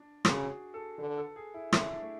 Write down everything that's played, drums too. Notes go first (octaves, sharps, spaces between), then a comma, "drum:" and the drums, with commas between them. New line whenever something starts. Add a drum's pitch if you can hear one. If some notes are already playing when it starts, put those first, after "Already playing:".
Already playing: D4
C#3 F#4, drum: rim click
G#4
A4
D3 B4
A4
G#4
E4
C#3 E4, drum: rim click
D4
A3